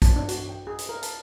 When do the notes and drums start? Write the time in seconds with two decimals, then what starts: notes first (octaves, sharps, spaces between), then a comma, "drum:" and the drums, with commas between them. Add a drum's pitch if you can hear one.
0.02 A5, drum: kick, hi-hat
0.16 D4
0.29 F#4, drum: hi-hat
0.49 G5
0.67 G#4
0.78 drum: hi-hat
0.89 A#4
1.02 A5, drum: hi-hat